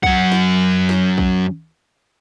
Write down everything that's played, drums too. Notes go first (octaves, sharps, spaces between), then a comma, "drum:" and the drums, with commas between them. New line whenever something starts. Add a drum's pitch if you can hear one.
F#2 F#5, drum: kick B1
drum: snare
drum: snare
drum: kick B1